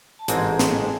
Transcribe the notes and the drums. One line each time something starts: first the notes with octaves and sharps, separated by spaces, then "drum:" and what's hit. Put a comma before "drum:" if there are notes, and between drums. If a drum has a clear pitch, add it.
A5
A1 G#2 G#3 C4 G#4 G#5, drum: hi-hat
drum: snare